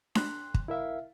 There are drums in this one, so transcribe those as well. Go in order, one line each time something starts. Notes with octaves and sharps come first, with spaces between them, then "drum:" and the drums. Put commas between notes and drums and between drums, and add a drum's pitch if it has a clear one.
C6 F#6, drum: snare D4
drum: kick
E4 A#4 E5 F5